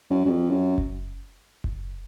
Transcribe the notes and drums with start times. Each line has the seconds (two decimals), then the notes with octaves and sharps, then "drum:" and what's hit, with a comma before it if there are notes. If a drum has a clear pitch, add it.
0.10 F#2
0.25 F#2
0.29 F2
0.50 F#2
0.78 drum: kick F#1
1.64 drum: kick F#1